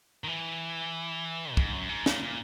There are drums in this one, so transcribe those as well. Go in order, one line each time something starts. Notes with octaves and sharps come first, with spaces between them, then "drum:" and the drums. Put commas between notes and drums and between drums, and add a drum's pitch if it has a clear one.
D#3
E3
A#2
G#2, drum: kick C2
F#2
G#2
A#2, drum: snare
A#2